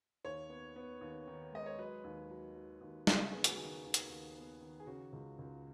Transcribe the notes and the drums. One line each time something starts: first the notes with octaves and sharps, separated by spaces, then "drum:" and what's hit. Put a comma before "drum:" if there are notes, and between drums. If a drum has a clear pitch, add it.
D#2 C#5
B3
B3
D#2
D#3
G#3 D#5
C#5
F#3 B4
D#2
F#3
F#3
D#2
C#3, drum: snare
B3 G#4
F#4, drum: hi-hat
D#3 G#4
D#2
drum: hi-hat
D#2
B3
D#3
G#4
C#3 F#4
C#2
C#2